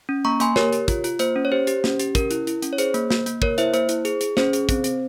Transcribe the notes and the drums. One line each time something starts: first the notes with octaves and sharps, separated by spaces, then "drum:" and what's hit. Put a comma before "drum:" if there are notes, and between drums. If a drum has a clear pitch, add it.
C#4
A#3 A#5 C#6
A#3 G#5 C6, drum: hi-hat
G4 A#4 C#5, drum: snare
G4, drum: hi-hat
F4, drum: kick, hi-hat
F4, drum: hi-hat
A#3 C5, drum: hi-hat
C#4
C#5
G4 C5
G4, drum: hi-hat
C#4, drum: snare
G4, drum: hi-hat
C#4 A#4, drum: kick, hi-hat
E4, drum: hi-hat
E4, drum: hi-hat
C#4, drum: hi-hat
C#5
G#4 C5, drum: hi-hat
A#3, drum: hi-hat
A#3, drum: snare
A#3, drum: hi-hat
A#3 A#4 C#5, drum: kick
E4 C5 E5, drum: hi-hat
A#3 C5, drum: hi-hat
E4, drum: hi-hat
G#4, drum: hi-hat
G#4, drum: hi-hat
C#4 C5, drum: snare
G#4, drum: hi-hat
C4, drum: kick, hi-hat
C4, drum: hi-hat